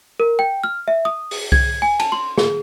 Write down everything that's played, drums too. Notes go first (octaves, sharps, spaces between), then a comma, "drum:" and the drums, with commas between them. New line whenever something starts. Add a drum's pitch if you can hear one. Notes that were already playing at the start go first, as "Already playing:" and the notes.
A#4
G5
F6
E5
D#6
drum: open hi-hat
G#6, drum: kick C2
G#5
A5, drum: cymbal
C6
G#4, drum: snare